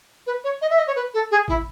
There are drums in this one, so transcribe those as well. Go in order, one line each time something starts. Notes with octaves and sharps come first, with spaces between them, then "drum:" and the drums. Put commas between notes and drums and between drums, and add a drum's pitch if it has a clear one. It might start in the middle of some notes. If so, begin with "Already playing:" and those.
B4
C#5
D#5
E5
D#5
C#5
B4
A4
G#4
E4, drum: kick G#1